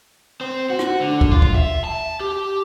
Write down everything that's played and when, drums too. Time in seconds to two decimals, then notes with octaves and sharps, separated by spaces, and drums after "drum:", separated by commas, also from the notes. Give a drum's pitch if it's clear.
0.41 C4
0.70 F#4
0.79 drum: rim click
1.00 D3
1.21 drum: kick
1.31 F4
1.42 drum: kick
1.55 E5
1.84 A5
2.20 G4